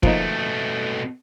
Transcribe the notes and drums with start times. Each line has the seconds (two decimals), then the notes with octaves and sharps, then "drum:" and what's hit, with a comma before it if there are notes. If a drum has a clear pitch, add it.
0.03 B2 F3 A3 A#3 D#4, drum: kick